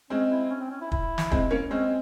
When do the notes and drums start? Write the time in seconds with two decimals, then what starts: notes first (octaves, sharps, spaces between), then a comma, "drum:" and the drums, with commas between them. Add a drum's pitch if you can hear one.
0.10 G#3 C4 C#4
0.30 E4
0.50 C#4
0.60 C4
0.71 C#4
0.81 E4
0.92 E4, drum: kick
1.18 drum: snare
1.31 G#3 C4, drum: kick
1.50 A#3 C#4
1.71 G#3 C4 C#4